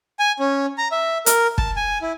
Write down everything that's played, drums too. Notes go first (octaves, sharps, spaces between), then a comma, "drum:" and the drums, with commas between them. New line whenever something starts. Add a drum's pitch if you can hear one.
G#5
C#4
A#5
E5
A#4, drum: hi-hat
A5, drum: kick
G#5
E4